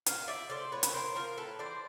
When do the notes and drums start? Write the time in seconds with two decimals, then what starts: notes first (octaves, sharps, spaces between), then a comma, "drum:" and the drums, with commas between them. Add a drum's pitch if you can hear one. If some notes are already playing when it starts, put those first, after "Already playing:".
0.06 A#2 D#5 F5, drum: hi-hat
0.28 F3 D5 E5
0.50 A3 C5 D5
0.72 A#2 B4 C#5
0.83 B4, drum: hi-hat
0.93 A#2 A#4 C5
1.15 F3 A#4 C5
1.37 A2 A4 B4
1.59 E3 C5 D5